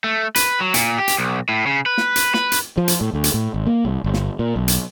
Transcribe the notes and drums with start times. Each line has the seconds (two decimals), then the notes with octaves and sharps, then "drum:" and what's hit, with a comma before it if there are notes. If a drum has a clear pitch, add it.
0.04 A3
0.36 B4, drum: hi-hat
0.61 F#3
0.74 A#2, drum: hi-hat
0.98 G4
1.08 drum: hi-hat
1.18 B1
1.49 A2
1.66 C#3
1.86 B4
1.98 drum: snare
2.16 drum: hi-hat
2.34 B4, drum: snare
2.52 drum: hi-hat
2.78 F3
2.88 drum: hi-hat
3.01 A2
3.14 D2
3.24 drum: hi-hat
3.34 A2
3.54 G#1
3.67 A#3
3.85 C2
4.04 G1
4.14 drum: snare
4.39 A#2
4.56 B1
4.68 drum: hi-hat